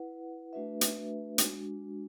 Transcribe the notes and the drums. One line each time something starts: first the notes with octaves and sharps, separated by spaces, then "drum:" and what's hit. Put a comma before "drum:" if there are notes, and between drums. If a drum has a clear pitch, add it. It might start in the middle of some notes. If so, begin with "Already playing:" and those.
Already playing: E4 B4 F#5
A3 D4 F#4 B4 E5
drum: hi-hat
G#3 D4 F#4, drum: hi-hat